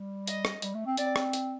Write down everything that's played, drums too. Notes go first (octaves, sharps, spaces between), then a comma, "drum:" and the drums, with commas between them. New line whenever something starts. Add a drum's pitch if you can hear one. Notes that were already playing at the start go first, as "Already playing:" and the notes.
Already playing: G3
D#5, drum: hi-hat
drum: rim click
G3, drum: hi-hat
A3
C4
C4 D5, drum: hi-hat
drum: rim click
drum: hi-hat